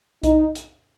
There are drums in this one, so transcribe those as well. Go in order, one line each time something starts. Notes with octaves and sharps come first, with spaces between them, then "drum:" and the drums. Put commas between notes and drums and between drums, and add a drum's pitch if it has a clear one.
D#4, drum: kick B1, hi-hat
drum: hi-hat